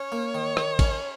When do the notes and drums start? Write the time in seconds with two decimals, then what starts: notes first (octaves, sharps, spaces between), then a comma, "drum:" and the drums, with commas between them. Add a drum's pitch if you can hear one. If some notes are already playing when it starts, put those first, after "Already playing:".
Already playing: C#4 C#5
0.12 A#3
0.35 D#3
0.57 D#3, drum: rim click
0.79 C#4, drum: kick A1, cymbal